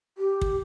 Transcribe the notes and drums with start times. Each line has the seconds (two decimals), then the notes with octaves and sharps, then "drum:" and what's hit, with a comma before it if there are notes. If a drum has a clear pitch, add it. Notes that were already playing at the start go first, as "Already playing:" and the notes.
0.18 G4
0.41 drum: kick